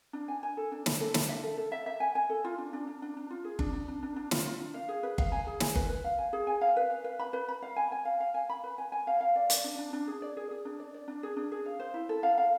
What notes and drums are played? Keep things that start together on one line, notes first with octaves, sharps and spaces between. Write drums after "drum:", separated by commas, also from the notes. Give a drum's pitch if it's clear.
D4
G#5
G#5
A4
D4
D4, drum: snare
A4
D4, drum: snare
E5
A4
A4
E5
E5
G#5
G#5
A4
F4
D4
D4
D4
D4
D4
F4
G#4
D4, drum: kick G1
D4
D4
D4
D4
F4, drum: snare
F4
D4
F5
G#4
B4
F5, drum: kick G1
G#5
G#4
G#5, drum: snare
B4, drum: kick G1
B4
F5
G#5
G#4
G#5
F5
B4
F5
B4
B5
B4
B5
F5
G#5
G#5
F5
F5
G#5
B5
B4
G#5
G#5
F5
F5
D5
D5, drum: hi-hat
D4
D4
D4
G#4
D5
G#4
G#4
D4
D5
D5
D4
G#4
D4
G#4
F5
C5
E4
A4
F5
F5